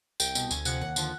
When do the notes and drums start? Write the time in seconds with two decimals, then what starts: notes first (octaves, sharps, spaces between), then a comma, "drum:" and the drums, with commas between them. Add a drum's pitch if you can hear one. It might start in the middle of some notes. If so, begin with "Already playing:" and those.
0.20 C2 G5, drum: tambourine
0.35 B2, drum: tambourine
0.51 D2 G#5, drum: tambourine
0.65 C3 F3 F#5, drum: tambourine
0.81 D#2 F#5
0.96 D3 F3, drum: tambourine